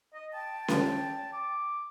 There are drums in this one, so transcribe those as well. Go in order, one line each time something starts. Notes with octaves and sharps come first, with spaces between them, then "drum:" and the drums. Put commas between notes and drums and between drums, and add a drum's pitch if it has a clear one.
D#5
G5 A5
drum: snare C#4
D6